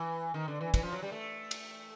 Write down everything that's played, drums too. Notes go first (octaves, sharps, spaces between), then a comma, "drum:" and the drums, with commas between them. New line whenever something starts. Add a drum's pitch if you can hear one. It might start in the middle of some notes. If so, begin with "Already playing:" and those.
Already playing: E3
D#3
D3
E3
E3, drum: kick, cymbal
F3
F#3
G3
A3
drum: cymbal